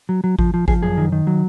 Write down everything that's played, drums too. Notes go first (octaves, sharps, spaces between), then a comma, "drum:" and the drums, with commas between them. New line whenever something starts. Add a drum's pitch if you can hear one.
F#3
F#3
F3, drum: kick G#1
F3
F3 G#4, drum: kick G#1
F#2 G#4
D#3
D#3
F#3